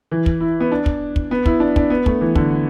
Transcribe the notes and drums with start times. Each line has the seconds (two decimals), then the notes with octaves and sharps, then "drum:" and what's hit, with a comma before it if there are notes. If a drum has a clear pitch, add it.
0.12 E3
0.26 drum: kick
0.41 E4
0.60 B3
0.72 D4
0.86 drum: kick
1.16 drum: kick
1.31 B3
1.46 E4, drum: kick
1.60 D4
1.76 D4, drum: kick
1.90 B3
2.06 A3, drum: kick
2.21 E3
2.35 D3, drum: kick